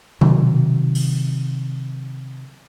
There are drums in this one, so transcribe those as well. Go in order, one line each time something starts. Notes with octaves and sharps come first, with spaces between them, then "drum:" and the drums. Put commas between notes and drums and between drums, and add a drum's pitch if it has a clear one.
C3 D#3 F#3, drum: tom
drum: open hi-hat